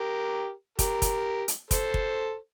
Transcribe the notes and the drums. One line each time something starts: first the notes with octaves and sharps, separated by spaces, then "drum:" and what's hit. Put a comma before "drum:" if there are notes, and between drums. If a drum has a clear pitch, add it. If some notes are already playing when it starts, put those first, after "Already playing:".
Already playing: G4 A#4
G4 A#4, drum: kick, hi-hat
drum: kick, hi-hat
drum: hi-hat
A4 C5, drum: kick, hi-hat
drum: kick